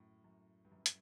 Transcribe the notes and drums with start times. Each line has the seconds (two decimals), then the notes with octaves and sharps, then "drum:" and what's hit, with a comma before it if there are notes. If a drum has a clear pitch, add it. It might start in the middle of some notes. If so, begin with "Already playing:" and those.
Already playing: F#2 A2
0.24 F#2
0.65 G2
0.72 F#2
0.86 drum: hi-hat